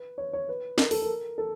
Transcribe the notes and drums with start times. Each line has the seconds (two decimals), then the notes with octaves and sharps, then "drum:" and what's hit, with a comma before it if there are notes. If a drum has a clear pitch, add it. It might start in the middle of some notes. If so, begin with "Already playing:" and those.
Already playing: B4
0.18 C#5
0.33 C#5
0.49 B4
0.78 A#4, drum: snare
0.91 A4, drum: open hi-hat
1.02 A#4
1.38 A4